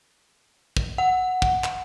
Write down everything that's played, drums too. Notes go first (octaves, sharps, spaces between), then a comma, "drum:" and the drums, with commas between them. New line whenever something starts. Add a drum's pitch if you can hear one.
drum: kick
F#5
drum: kick
drum: clap